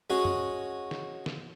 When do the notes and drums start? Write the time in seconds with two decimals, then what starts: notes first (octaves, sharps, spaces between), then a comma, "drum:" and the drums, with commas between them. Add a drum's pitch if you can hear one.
0.10 G#3 C#4 F#4
0.25 drum: tom
0.91 drum: snare
1.26 drum: snare